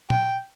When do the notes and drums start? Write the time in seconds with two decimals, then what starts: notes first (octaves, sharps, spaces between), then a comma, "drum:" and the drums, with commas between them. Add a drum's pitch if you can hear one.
0.10 G5, drum: tom A#2